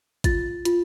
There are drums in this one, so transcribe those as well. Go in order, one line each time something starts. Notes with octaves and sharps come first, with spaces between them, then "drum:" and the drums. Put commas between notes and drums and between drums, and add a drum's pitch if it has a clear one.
F4 A6, drum: kick, hi-hat
F4, drum: hi-hat